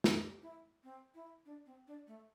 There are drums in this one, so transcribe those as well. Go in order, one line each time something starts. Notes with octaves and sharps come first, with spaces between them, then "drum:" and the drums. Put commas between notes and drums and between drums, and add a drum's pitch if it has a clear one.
drum: snare
G4
E4
C4
E4
D4
C4
D4
A3